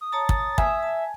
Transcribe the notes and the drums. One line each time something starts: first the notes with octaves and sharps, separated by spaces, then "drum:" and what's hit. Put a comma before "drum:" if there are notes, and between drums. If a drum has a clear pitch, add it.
D#6
C#5 A5 A#5 A6
drum: kick
E5 G#5, drum: kick
A5